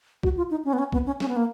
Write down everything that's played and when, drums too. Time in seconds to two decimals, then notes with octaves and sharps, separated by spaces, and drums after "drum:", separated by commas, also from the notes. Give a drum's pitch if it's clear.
0.23 F#4, drum: kick B1
0.37 F4
0.51 D#4
0.65 C#4
0.73 B3
0.79 C#4
0.92 B3, drum: kick B1
1.06 C#4
1.20 C#4, drum: snare
1.28 B3
1.36 A#3